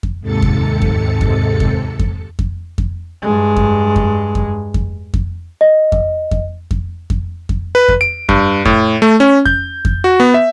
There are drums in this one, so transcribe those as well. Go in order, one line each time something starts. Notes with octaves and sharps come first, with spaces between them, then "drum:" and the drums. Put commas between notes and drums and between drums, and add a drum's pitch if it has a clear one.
drum: kick F2
D#2 G#2 C3 A4 A6 C#7
drum: kick F2
drum: kick F2
drum: kick F2
drum: kick F2
drum: kick F2
drum: kick F2
drum: kick F2
G2 G#3
drum: kick F2
drum: kick F2
drum: kick F2
drum: kick F2
drum: kick F2
D#5
drum: kick F2
drum: kick F2
drum: kick F2
drum: kick F2
drum: kick F2
B4
drum: kick F2
D7
G2, drum: kick F2
A2, drum: kick F2
A3
C#4
G6, drum: kick F2
drum: kick F2
F#4
B3
E5